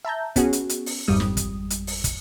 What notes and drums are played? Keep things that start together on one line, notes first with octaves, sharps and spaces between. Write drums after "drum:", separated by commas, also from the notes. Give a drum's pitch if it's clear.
E5 A5 A#5 G6
B3 C#4 F#4 G#4, drum: kick, hi-hat
drum: hi-hat
drum: hi-hat
drum: open hi-hat
G#1 F2 G3 D#6
drum: snare
drum: kick, hi-hat
drum: hi-hat
drum: open hi-hat
drum: kick, hi-hat